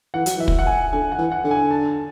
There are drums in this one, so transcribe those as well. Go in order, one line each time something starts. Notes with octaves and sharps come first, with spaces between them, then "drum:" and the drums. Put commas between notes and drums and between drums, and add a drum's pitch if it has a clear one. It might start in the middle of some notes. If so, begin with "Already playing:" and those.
E3 F#5
F#3, drum: hi-hat
E3 E5
drum: kick
F#5
G#5
D3 G#5
F#5
E3
F#5
D3
G#5
A5